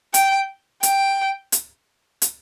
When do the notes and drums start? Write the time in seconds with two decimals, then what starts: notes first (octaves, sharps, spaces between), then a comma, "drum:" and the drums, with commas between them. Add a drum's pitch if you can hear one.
0.14 G5, drum: hi-hat
0.83 G5, drum: hi-hat
1.52 drum: hi-hat
2.22 drum: hi-hat